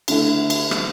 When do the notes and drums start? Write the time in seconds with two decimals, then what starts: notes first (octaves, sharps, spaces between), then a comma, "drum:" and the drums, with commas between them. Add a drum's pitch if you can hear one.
0.08 D3 A3 E4, drum: cymbal
0.50 drum: cymbal
0.71 drum: rim click